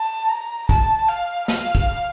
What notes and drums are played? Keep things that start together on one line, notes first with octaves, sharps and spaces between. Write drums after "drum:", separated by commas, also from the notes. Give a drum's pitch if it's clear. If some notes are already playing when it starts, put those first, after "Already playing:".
Already playing: A5
A#5
A5, drum: kick
F5
F5, drum: snare
drum: kick